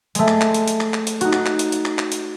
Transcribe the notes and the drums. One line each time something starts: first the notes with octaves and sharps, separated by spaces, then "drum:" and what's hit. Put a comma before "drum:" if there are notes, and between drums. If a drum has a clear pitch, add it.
G#3 A3, drum: hi-hat
drum: clap
drum: clap
drum: hi-hat
drum: hi-hat
drum: clap
drum: clap
drum: hi-hat
D#4 F#4, drum: hi-hat
drum: clap
drum: clap
drum: hi-hat
drum: hi-hat
drum: clap
drum: clap
drum: hi-hat